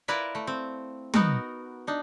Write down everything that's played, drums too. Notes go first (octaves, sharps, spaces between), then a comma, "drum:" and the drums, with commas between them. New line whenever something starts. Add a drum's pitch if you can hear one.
E4 F4 A#4 B4 D5 E5
A3
C4
B3 D#4 F#4 A#4, drum: tom
D4 D#4